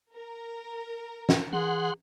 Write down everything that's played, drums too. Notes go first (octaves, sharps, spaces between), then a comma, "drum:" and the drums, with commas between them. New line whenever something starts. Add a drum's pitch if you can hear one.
A#4
drum: snare
E3 G#4 F#5 C6